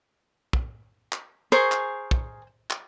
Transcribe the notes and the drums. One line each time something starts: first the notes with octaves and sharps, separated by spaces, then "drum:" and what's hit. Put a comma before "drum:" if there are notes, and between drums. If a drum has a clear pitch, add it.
drum: kick
drum: clap
G#4 A#4 C5 C#6
drum: clap
drum: kick
drum: clap